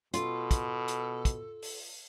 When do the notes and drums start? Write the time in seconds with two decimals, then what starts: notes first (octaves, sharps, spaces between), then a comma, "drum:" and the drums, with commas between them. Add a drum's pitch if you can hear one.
0.14 B2 F4 A4, drum: hi-hat
0.51 drum: kick, hi-hat
0.88 drum: hi-hat
1.25 drum: kick, hi-hat
1.62 drum: open hi-hat